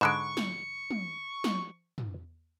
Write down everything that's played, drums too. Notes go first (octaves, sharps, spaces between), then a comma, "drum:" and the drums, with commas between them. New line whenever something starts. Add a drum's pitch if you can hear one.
G#2 D3 G#3 B5 C#6 F#6 D7
drum: snare
drum: tom
drum: snare
drum: tom